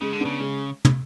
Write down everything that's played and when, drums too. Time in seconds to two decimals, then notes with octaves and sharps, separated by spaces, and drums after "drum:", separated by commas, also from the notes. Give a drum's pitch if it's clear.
0.01 C#3 G#3
0.13 D3
0.20 C#3 B3 D4
0.40 G#3
0.85 drum: tom